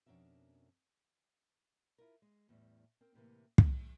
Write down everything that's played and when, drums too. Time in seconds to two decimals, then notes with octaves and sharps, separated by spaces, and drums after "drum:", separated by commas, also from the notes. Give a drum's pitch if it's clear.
0.06 F2 B2 C#4 D4 A#4 E5
1.98 E4 F4 A#4
2.22 G#3
2.49 E2 A2 G3
3.01 C4 A#4 G5
3.14 A2 C3 E3 A#3
3.58 E4 G#4, drum: kick